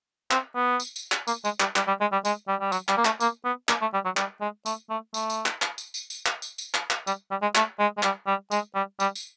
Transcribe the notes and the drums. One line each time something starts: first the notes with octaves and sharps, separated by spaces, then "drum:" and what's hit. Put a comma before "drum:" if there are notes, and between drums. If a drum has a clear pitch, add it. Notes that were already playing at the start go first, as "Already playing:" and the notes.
C4, drum: clap
B3
drum: tambourine
drum: tambourine
drum: clap
A#3, drum: tambourine
G#3, drum: tambourine
G3, drum: clap
G3, drum: clap
G3
G#3
G3
G#3, drum: tambourine
G3
G3
F#3, drum: tambourine
G3, drum: clap
A#3
A3, drum: clap
A#3, drum: tambourine
B3
A#3, drum: clap
A3
G3
F#3
G3, drum: clap
G#3
A3, drum: tambourine
A3
A3, drum: tambourine
drum: tambourine
drum: clap
drum: clap
drum: tambourine
drum: tambourine
drum: tambourine
drum: clap
drum: tambourine
drum: tambourine
drum: clap
drum: clap
G3, drum: tambourine
G3
G#3
A3, drum: clap
G#3
G#3
G3, drum: clap
G3
G#3, drum: tambourine
G3
G3, drum: tambourine
drum: tambourine